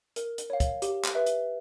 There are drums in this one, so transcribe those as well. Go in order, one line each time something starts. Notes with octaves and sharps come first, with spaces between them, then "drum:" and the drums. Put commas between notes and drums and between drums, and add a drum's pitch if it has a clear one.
A#4, drum: hi-hat
drum: hi-hat
C#5 F5
drum: kick, hi-hat
G4, drum: hi-hat
drum: clap
B4 E5
drum: hi-hat